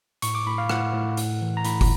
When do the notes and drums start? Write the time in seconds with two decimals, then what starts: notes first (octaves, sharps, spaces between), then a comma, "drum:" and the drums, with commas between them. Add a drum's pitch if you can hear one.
0.22 A2 C#6, drum: hi-hat
0.35 D6
0.46 A2 B5
0.58 F5
0.70 A2 F#5, drum: rim click
0.93 A2
1.17 A2, drum: hi-hat
1.42 E3
1.57 A#5
1.65 A2 B5, drum: hi-hat
1.81 drum: kick, open hi-hat